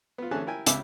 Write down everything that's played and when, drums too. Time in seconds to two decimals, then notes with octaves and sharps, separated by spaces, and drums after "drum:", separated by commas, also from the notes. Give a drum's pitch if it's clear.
0.18 B3 F4
0.31 D3 E3 C#4 G#4 A5 F#6
0.47 E4 A#4 G5 G#5
0.66 C#2 C#3 E5 D6, drum: hi-hat